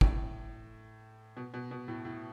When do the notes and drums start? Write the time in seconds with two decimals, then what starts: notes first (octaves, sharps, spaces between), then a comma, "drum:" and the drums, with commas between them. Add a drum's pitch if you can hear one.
0.01 A2, drum: kick
1.37 B2
1.54 B2
1.71 B2
1.88 A2
2.05 A2